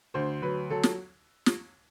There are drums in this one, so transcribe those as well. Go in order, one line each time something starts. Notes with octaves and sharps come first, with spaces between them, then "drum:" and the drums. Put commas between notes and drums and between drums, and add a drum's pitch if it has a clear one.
D2 C5
F#3 B4
F#3 A4
drum: snare
drum: snare